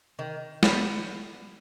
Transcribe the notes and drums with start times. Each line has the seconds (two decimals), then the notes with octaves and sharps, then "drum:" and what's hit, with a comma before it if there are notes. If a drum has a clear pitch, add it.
0.19 D#3
0.63 G3 B3, drum: snare